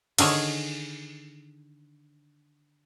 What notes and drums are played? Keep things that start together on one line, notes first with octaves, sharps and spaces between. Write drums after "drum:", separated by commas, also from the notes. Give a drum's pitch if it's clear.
D3 D#3 G#4 C#5, drum: cymbal